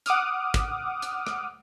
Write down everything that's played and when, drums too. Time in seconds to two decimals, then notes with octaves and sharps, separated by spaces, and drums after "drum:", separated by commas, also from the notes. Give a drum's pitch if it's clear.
0.06 F#5 D6 D#6 F6, drum: hi-hat
0.54 drum: kick, hi-hat
1.02 drum: hi-hat
1.27 drum: rim click